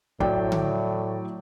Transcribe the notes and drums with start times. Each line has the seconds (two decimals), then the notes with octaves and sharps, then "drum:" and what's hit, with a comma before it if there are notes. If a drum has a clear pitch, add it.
0.20 A2 F#3 D5 G5, drum: kick
0.52 drum: tom D3